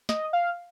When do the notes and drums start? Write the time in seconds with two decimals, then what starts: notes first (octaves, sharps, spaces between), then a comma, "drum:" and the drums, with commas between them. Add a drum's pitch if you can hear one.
0.09 D#5, drum: snare
0.33 F5